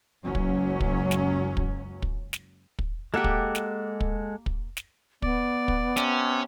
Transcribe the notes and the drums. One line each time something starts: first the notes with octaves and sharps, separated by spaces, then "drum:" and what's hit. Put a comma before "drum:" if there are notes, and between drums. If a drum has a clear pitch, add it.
F#1 C#2 F#3 C#4
drum: kick
drum: kick
drum: snare
drum: kick
drum: kick
drum: snare
drum: kick
G#3 A#3 G4 A4 F#5
drum: kick
drum: snare
drum: kick
drum: kick
drum: snare
B3 D5, drum: kick
drum: kick
C3 C#4, drum: snare